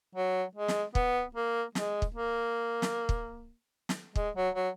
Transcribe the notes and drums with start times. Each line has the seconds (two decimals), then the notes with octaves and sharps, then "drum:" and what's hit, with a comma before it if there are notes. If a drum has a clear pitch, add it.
0.15 F#3
0.56 G#3
0.68 drum: snare
0.95 B3, drum: kick
1.35 A#3
1.75 G#3, drum: snare
2.02 drum: kick
2.15 A#3
2.82 drum: snare
3.09 drum: kick
3.89 drum: snare
4.16 G#3, drum: kick
4.36 F#3
4.55 F#3